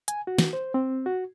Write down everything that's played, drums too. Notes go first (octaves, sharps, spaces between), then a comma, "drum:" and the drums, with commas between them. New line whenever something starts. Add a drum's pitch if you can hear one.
G#5, drum: hi-hat
F#4
drum: snare
C5
C4
F#4